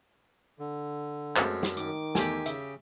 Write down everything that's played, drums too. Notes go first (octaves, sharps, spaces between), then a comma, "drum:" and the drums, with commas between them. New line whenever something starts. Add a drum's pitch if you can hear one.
D3
F#2 G#3 A3 C4, drum: clap
drum: snare
D#3 D6, drum: hi-hat
E2 A3 G4 A4 G#5, drum: snare
C#3 E5, drum: hi-hat